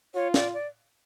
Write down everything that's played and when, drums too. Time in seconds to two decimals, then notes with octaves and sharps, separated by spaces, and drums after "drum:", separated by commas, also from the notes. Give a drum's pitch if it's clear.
0.15 F4 C#5
0.34 D5, drum: snare
0.54 D5